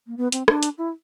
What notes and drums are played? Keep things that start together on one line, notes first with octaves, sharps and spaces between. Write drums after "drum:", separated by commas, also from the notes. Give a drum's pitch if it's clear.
A#3
B3
C4, drum: hi-hat
D4, drum: rim click
drum: hi-hat
E4